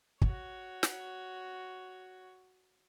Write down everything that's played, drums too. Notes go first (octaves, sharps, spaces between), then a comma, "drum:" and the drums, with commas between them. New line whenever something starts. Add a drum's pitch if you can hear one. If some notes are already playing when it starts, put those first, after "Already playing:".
F#4 C#5, drum: kick
drum: snare